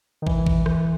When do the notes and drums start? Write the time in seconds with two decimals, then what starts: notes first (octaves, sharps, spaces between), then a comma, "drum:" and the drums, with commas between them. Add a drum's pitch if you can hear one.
0.22 D#3
0.27 E3, drum: kick
0.46 drum: kick
0.66 E3, drum: rim click